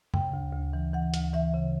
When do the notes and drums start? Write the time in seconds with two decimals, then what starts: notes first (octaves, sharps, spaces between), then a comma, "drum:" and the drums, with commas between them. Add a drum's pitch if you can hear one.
0.14 C#3 G5, drum: tom F#2
0.33 D2
0.53 D2
0.73 E3
0.94 E3 F#5
1.14 D2, drum: hi-hat
1.33 E3 E5
1.54 C#3